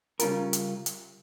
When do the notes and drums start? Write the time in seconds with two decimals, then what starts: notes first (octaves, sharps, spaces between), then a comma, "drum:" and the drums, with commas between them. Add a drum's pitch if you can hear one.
0.20 C#3 G3 C#4 F4 A#4, drum: hi-hat
0.53 drum: hi-hat
0.86 drum: hi-hat